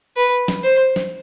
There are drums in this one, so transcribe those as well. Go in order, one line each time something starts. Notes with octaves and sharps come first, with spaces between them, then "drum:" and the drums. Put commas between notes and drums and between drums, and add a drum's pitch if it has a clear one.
B4
drum: snare
C5
drum: snare